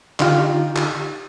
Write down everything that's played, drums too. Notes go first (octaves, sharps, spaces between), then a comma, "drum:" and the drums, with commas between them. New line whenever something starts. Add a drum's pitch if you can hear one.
D3 D#4 F4 G4, drum: clap
drum: clap